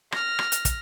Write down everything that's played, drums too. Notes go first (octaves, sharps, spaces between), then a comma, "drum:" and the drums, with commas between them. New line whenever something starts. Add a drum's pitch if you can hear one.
F6 A#6, drum: rim click
drum: rim click
drum: hi-hat
drum: kick, hi-hat